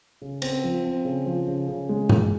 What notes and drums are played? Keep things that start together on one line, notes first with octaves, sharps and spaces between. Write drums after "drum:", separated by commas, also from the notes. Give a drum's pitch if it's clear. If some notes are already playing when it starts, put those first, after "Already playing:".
C#3
C4, drum: cymbal
F3
C4
C#3
F3
C#3
C#3
G#3
G#3, drum: tom G2